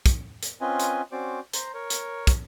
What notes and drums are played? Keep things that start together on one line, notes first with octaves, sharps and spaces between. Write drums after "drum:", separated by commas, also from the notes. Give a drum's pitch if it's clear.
drum: kick, hi-hat
drum: hi-hat
C4 C#4 F4 B4 D#5 G#5
drum: hi-hat
C4 C#4 F#4 C5 D5 D6
C5 A#5, drum: hi-hat
A#4 C#5
drum: hi-hat
drum: kick, hi-hat